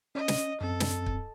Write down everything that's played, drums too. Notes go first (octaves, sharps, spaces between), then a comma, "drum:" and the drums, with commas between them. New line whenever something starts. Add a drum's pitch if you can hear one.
C#4 D#5
drum: snare
F#2 C4 A4
drum: snare
drum: kick